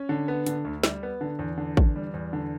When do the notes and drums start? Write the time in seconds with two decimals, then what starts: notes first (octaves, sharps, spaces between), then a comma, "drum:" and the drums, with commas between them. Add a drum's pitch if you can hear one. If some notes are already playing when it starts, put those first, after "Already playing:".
Already playing: C#4
0.09 D3
0.28 B3
0.46 D3, drum: hi-hat
0.65 D2
0.84 G3, drum: snare
1.03 B3
1.21 D3
1.39 E2
1.58 D3
1.77 E2, drum: kick
1.96 G3
2.14 E2
2.33 D3